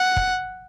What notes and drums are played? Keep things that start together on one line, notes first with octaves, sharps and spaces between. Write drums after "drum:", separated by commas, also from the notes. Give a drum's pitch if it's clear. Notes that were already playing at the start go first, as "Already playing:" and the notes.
Already playing: F#5
drum: kick